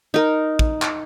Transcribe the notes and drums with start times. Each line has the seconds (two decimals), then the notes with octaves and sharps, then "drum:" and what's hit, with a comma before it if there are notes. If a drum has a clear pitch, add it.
0.14 D#4 A#4
0.59 drum: kick
0.82 drum: clap